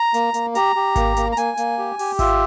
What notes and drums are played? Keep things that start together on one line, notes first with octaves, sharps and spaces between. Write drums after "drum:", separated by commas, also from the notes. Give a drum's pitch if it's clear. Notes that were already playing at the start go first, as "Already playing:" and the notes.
Already playing: A#5
A#3, drum: hi-hat
A#3, drum: hi-hat
G4 A#5, drum: hi-hat
G4
A#3, drum: kick G#1, hi-hat
A#3, drum: hi-hat
A#5
A#3 G#5, drum: hi-hat
A#3, drum: hi-hat
G4
G4, drum: open hi-hat
F4 E5, drum: kick G#1, hi-hat